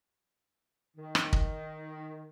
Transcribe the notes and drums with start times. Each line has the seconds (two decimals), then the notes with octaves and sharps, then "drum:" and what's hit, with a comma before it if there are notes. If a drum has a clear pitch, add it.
0.97 D#3
1.15 drum: rim click
1.33 drum: kick